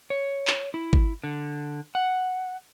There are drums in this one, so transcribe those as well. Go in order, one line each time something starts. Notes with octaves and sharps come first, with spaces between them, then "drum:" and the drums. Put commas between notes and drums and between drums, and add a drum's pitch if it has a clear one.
C#5
drum: clap
E4
drum: kick
D3
F#5